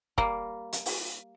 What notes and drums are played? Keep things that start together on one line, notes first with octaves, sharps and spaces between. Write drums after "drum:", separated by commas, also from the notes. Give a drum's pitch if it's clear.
G3 A#3, drum: kick
drum: hi-hat
drum: open hi-hat